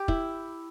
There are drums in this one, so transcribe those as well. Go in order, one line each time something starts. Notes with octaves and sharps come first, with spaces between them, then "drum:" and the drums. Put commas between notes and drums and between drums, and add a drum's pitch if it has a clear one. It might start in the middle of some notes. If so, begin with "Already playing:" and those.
Already playing: G4
E4, drum: kick